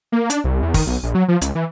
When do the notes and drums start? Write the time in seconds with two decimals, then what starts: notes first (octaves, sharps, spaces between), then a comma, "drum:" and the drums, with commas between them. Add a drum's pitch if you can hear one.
0.12 A#3
0.30 D4, drum: hi-hat
0.44 C2
0.62 E2
0.74 D#3, drum: kick, open hi-hat
0.87 B1
1.03 A#1
1.15 F#3
1.28 F3
1.41 C#2, drum: hi-hat
1.55 E3